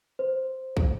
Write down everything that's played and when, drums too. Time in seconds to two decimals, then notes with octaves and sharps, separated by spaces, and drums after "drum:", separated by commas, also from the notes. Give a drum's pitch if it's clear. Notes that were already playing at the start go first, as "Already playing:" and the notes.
0.19 C5
0.77 drum: kick